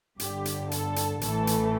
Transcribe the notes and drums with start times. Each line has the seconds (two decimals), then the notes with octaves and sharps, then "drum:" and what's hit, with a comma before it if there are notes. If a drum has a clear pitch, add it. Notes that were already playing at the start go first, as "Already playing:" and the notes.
0.20 G1 G2 D3 G4, drum: hi-hat
0.45 drum: hi-hat
0.71 A4, drum: hi-hat
0.96 drum: hi-hat
1.21 A1 A2 E3 A3 A4, drum: hi-hat
1.47 drum: hi-hat